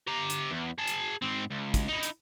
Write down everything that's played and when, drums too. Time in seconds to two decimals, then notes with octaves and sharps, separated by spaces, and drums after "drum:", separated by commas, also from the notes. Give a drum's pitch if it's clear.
0.07 G4 A#5
0.30 drum: hi-hat
0.51 E2
0.78 G#4 A5
0.87 drum: hi-hat
1.22 G#2 C4
1.50 C#2
1.74 drum: kick, hi-hat
1.88 D#4 E4
2.03 drum: hi-hat